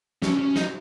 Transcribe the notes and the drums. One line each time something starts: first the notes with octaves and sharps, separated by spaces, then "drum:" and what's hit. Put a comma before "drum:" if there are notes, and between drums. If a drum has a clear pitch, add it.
C#4, drum: snare
C#4
D#4, drum: snare